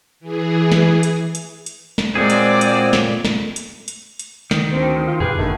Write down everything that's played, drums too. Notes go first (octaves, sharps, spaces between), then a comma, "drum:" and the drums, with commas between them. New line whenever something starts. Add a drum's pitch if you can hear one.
E3 G#4
drum: snare
drum: hi-hat
drum: hi-hat
drum: hi-hat
drum: snare
A#2 F#3 G#3 C4 G#4 D5
drum: hi-hat
drum: hi-hat
drum: snare
drum: snare
drum: hi-hat
drum: hi-hat
drum: hi-hat
D#3, drum: snare
D2 C4
F4
F#2 A#2 D3 F4 G4 G#4 B4
G1 A#2 D3 D#3 A3